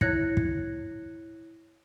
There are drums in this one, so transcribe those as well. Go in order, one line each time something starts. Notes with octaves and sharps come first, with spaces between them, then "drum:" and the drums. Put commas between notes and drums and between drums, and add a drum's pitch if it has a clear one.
E4 C#5 F#6 G#6 A#6 C#7, drum: kick
drum: kick